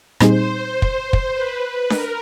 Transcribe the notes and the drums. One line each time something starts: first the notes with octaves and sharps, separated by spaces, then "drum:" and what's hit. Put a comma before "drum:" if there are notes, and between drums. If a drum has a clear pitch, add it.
A#2 G3 C4 D#4 G#4 C5, drum: rim click
drum: kick
drum: kick
B4
B4
A#4, drum: snare D4